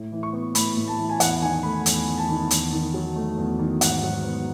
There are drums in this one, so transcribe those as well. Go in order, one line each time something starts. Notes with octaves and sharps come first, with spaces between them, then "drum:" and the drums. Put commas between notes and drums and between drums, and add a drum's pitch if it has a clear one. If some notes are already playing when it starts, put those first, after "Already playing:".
Already playing: A2
E3
C#6
B3
A2 B5, drum: hi-hat
A2
A5
E3
G#5
E2 F#5, drum: hi-hat
D#3 G#5
A3 B5
E2, drum: hi-hat
E2
A5
D#3
E2, drum: hi-hat
D#3
F#3
A3
E2
D#3
G#2 F#5, drum: hi-hat
F#3
B3